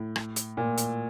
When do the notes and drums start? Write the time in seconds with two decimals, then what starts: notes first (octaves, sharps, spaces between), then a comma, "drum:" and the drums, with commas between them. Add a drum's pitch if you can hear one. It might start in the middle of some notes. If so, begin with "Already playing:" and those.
Already playing: A2
0.16 drum: rim click
0.36 drum: hi-hat
0.57 A#2
0.78 drum: hi-hat